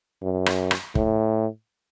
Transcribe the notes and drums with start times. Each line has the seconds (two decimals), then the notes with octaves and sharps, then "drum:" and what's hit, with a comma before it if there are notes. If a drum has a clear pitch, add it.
0.23 F#2
0.46 drum: rim click
0.71 drum: rim click
0.95 A2, drum: kick